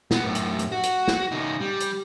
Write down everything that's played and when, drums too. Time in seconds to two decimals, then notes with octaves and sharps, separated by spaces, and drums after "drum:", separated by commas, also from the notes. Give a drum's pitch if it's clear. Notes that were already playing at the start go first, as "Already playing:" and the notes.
0.11 B1 B3, drum: snare
0.24 F#2 A2
0.35 drum: hi-hat
0.59 drum: hi-hat
0.72 F#4
0.83 drum: hi-hat
1.08 drum: snare
1.32 C#3 D#4
1.61 G3
1.80 drum: hi-hat